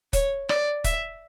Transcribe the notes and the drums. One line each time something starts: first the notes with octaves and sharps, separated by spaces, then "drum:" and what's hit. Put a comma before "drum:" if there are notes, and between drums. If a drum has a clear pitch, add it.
C#5, drum: kick, hi-hat
D5, drum: rim click
E5, drum: kick, hi-hat